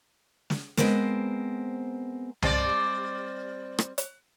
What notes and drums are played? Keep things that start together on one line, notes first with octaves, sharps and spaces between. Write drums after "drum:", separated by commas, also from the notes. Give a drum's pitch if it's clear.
drum: snare
G#3 B3 C4 A#4 C5, drum: snare
G3 C4 D5, drum: tom C2
drum: rim click
drum: hi-hat